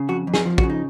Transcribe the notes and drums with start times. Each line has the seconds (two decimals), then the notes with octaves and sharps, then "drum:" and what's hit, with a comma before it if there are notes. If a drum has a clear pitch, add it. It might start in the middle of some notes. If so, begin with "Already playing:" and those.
Already playing: C#3
0.09 F2 F#4
0.27 F2
0.34 G#4, drum: snare
0.46 F3
0.58 F#4, drum: kick
0.63 C#3
0.70 D#4